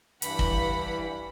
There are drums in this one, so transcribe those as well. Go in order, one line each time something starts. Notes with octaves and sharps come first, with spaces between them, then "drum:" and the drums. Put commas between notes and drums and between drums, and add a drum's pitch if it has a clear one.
G2 E3 F#5 B5, drum: hi-hat
drum: kick